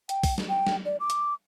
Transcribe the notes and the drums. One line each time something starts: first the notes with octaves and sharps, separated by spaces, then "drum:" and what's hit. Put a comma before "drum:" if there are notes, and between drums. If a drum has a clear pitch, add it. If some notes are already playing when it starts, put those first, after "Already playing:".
G5, drum: hi-hat
drum: kick, open hi-hat
drum: snare
G5
drum: snare
D5
D6
drum: hi-hat